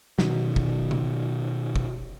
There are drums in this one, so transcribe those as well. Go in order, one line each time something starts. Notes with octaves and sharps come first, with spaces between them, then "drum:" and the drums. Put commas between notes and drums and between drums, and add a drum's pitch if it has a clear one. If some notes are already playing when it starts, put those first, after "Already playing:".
B2 D#3 F#3, drum: snare
drum: kick
drum: tom C#3
drum: kick